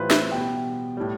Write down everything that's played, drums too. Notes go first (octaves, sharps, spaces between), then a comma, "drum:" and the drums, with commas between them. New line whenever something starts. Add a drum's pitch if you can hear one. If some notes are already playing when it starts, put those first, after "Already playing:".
Already playing: A2 E3 G3 F4 B4 C5
E5, drum: snare
B2 G3 G5
A2 G3